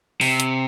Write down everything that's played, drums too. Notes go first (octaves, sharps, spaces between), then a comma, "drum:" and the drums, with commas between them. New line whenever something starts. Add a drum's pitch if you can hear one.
C3, drum: open hi-hat
drum: hi-hat